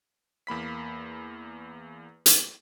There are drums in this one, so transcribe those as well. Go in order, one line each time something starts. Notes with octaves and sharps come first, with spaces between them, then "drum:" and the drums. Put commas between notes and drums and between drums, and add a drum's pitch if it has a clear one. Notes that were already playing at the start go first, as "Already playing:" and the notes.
E2 A#3 B5 B6
drum: hi-hat